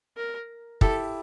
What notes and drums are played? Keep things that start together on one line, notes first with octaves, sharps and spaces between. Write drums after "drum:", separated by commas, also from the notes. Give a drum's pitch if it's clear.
A#4
E4 G4 A4, drum: kick